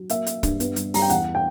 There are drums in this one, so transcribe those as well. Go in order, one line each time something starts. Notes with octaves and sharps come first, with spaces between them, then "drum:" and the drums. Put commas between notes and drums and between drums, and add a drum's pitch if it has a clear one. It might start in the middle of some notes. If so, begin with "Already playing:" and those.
Already playing: F#3
A#3 E5, drum: hi-hat
A#3, drum: hi-hat
G2, drum: kick, hi-hat
B3, drum: hi-hat
G3, drum: hi-hat
G3 A#5, drum: open hi-hat
G5
E2 F#5, drum: hi-hat
G5